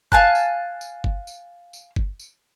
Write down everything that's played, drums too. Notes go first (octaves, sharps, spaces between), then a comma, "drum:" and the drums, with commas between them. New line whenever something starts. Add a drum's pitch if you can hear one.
F5 G#5 A5 F#6, drum: kick G1
drum: tambourine
drum: tambourine
drum: kick G1
drum: tambourine
drum: tambourine
drum: kick G1
drum: tambourine